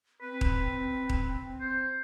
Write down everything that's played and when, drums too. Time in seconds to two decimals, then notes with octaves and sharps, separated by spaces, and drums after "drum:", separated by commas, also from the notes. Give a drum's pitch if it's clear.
0.22 C4 B4
0.41 drum: kick D#1
1.09 drum: kick D#1
1.61 C5